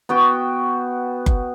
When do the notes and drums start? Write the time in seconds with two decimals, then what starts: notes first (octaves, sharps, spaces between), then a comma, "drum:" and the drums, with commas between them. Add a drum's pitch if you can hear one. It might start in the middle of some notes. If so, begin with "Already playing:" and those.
0.09 B3 F#4 G5
1.26 drum: kick F#1